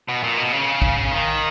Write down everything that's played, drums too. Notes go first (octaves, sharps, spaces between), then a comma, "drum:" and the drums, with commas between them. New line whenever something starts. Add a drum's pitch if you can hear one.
B2
A#2
B2
C#3
drum: kick
D#3